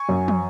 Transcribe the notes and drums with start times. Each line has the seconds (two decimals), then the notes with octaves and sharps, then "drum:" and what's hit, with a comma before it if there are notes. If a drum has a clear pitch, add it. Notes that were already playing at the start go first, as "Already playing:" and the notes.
Already playing: G#5 C#6
0.09 F#2
0.28 drum: tom